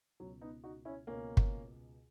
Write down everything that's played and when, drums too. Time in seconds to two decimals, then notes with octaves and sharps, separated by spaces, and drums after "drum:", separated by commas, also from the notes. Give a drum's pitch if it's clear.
0.20 C#2 B2 F#3
0.41 B3 D#4
0.64 D#4 F#4
0.85 C#4 E4
1.07 C#2 B2 A#3 C#4
1.37 drum: kick